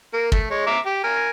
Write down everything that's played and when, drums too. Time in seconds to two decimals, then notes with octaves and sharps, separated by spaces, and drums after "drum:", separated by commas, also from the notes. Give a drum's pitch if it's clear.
0.13 A#3
0.32 A3, drum: kick
0.51 G#3 C#5
0.67 E5 A#5 D6
0.86 G4
1.04 A#4 G#5